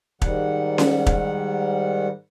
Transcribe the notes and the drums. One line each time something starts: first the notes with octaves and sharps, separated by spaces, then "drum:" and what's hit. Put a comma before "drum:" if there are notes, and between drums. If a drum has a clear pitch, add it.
G#2 D#3 G3 F#5, drum: kick
drum: snare C#4
drum: kick